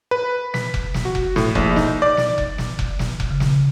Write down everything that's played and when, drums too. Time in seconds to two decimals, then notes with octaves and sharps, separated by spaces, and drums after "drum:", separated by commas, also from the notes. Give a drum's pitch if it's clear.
0.11 B4
0.54 B6, drum: snare
0.74 drum: kick F1
0.94 drum: snare
1.05 F#4
1.15 drum: kick F1
1.36 A2, drum: snare
1.55 A#1, drum: kick F1
1.76 D#4, drum: snare
2.02 D5
2.17 drum: snare
2.38 drum: kick F1
2.58 drum: snare
2.79 drum: kick F1
2.99 drum: snare
3.20 drum: kick F1
3.31 C#3
3.40 drum: snare